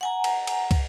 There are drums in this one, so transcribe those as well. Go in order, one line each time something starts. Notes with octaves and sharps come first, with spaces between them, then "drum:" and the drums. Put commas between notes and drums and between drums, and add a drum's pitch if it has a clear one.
F#5 G#5 A#5
drum: cymbal
drum: cymbal
drum: kick, cymbal